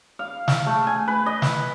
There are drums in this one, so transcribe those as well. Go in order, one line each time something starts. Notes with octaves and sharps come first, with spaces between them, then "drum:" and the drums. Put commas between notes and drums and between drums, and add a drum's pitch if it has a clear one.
F5
drum: snare
A3
G#5
B4
D#5
drum: snare